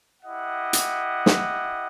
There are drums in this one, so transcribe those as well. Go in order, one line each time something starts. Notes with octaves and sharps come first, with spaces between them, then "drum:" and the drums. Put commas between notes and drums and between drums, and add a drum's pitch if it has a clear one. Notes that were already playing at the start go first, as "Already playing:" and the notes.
E4 G4 D#5 F#5
drum: hi-hat
drum: snare